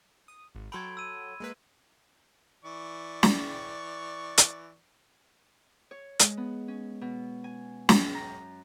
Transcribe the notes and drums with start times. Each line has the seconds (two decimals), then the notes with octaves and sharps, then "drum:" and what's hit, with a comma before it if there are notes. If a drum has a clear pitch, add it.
0.28 D#6
0.55 G#1
0.72 F#3 A4 G5 B5 C6 G#6
0.97 E6 D#7
1.40 G#3 A#3 B4
2.65 E3 D5 C#6
3.23 drum: snare
4.38 drum: hi-hat
5.91 C#5
6.19 G#3, drum: hi-hat
6.37 B3
6.68 C#4
7.01 B2
7.44 G#5
7.89 F#2, drum: snare
8.15 A#5